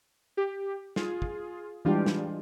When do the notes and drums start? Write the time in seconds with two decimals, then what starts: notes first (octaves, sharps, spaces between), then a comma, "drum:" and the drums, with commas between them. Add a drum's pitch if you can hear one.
0.37 G4
0.96 F4 G#4, drum: snare
1.22 drum: kick
1.85 E3 G3 G#3 D4 F4 G4
2.06 drum: snare